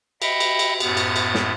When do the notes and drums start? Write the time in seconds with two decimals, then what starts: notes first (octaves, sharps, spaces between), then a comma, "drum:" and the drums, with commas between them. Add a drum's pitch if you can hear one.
0.22 D#5 E5 F#5 G5 B5, drum: cymbal
0.40 drum: cymbal
0.59 drum: cymbal
0.80 F#2 A2 B3, drum: cymbal
0.97 drum: cymbal
1.16 drum: cymbal
1.35 drum: snare